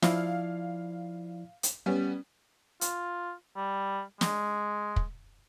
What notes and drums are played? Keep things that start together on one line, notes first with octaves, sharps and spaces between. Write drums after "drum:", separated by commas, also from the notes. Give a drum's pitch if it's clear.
F3 E4 D5 F5, drum: snare
drum: hi-hat
G3 B3 C#4
F4, drum: hi-hat
G3
G#3, drum: snare
drum: kick